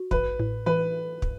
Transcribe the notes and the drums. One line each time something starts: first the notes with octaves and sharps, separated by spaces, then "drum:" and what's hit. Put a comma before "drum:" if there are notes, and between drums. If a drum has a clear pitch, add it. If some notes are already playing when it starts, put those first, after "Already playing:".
Already playing: F#4
A1 B4, drum: kick
A2
E3 B4
drum: kick